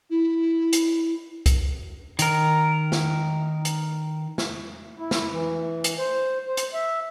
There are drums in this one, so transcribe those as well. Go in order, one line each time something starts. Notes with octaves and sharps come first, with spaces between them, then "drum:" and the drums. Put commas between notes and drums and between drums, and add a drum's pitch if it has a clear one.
E4
drum: hi-hat
drum: kick B1, hi-hat
D#3 A#4, drum: hi-hat
drum: snare
drum: hi-hat
drum: snare
E4
drum: snare
E3
drum: hi-hat
C5
C5
drum: hi-hat
E5